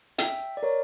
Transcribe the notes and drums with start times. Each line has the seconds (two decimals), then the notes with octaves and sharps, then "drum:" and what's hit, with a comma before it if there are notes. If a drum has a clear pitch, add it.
0.18 E5 G5, drum: hi-hat
0.57 D5
0.63 A#4 C#5